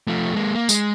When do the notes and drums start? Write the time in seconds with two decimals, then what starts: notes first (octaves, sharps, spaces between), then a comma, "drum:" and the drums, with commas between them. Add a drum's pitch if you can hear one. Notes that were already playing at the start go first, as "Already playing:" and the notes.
0.07 F3 A3
0.35 G#3 A#3
0.55 A#3
0.69 G#3, drum: tambourine